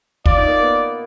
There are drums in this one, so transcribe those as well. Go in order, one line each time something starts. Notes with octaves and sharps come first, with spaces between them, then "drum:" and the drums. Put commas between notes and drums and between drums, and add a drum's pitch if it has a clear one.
F4 D5, drum: kick
D#4
A#3
B3